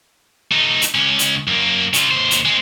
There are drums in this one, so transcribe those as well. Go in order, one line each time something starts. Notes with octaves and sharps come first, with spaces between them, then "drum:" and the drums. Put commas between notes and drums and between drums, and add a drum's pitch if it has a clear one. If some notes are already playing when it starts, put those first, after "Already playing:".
A3 D#4
drum: hi-hat
C#2 C#4
drum: hi-hat
F#2 A#3
C#3 F4, drum: hi-hat
D#2 C5
drum: hi-hat
G#3 C4